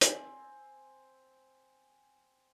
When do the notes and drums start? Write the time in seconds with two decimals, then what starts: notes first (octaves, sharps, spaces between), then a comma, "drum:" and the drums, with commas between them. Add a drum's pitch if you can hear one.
0.01 C4 G#5, drum: hi-hat